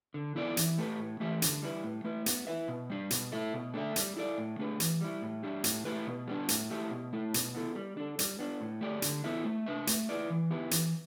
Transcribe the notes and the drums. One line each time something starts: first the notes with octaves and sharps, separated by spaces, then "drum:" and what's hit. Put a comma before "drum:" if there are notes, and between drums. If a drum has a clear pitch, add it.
D3
B3 E4 A4 D5
E3, drum: hi-hat
A3 G4 B4
A2
E3 A3 G4 E5
D3, drum: hi-hat
G3 B3 E4 B4
A2
A3 E4 B4
B3, drum: hi-hat
E4 B4 E5
B2
G3 D4
B2, drum: hi-hat
A3 E4 A4 E5
B2
A3 D4 A4 E5
G3, drum: hi-hat
E4 A4 D5
A2
A3 D4 G4 B4
E3, drum: hi-hat
G3 E4
A2
G3 D4 G4 E5
A2, drum: hi-hat
A3 E4 G4 B4
B2
G3 B3 D4
A2, drum: hi-hat
A3 E4 G4 E5
B2
A3 E4
B2, drum: hi-hat
B3 E4 A4
G3
D4 A4
G3, drum: hi-hat
B3 D4
A2
A3 G4 D5
D3, drum: hi-hat
B3 E4 A4 E5
A3
D4 B4 E5
A3, drum: hi-hat
E4 B4 D5
E3
B3 E4 G4 B4
E3, drum: hi-hat